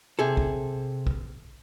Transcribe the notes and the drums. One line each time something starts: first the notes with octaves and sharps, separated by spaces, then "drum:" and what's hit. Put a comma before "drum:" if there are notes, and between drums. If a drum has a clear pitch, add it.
C3 G#4 A4
drum: kick
drum: kick